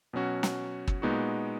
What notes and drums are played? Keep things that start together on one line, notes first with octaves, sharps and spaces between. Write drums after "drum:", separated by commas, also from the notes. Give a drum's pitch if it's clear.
B2 F#3 C#4 F#4
drum: snare
drum: kick
A#2 G#3 B3 D#4 F#4